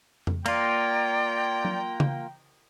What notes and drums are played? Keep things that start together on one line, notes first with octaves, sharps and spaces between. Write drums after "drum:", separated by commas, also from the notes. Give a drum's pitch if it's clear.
drum: tom F2
A#3 F4 D5 G5 A#5, drum: cymbal
drum: tom F#3
drum: tom C#3